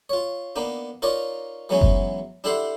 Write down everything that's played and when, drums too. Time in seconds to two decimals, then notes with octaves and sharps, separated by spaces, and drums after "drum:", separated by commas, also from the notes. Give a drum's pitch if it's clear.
0.09 F4 C#5
0.56 A#3 B3 D4 D#4
1.02 D#4 F4 A#4 C#5 D5
1.69 E3 F#3 G#3 B3 C#4 D#4
1.81 drum: kick F#1
2.44 D4 E4 G4 A4 F#5 C6